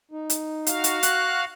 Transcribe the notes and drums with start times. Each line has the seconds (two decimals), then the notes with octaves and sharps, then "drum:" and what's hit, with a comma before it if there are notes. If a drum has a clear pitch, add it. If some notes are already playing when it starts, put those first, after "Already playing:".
0.12 D#4
0.30 drum: hi-hat
0.67 F#4 F5, drum: hi-hat
0.84 drum: hi-hat
1.03 F#6, drum: hi-hat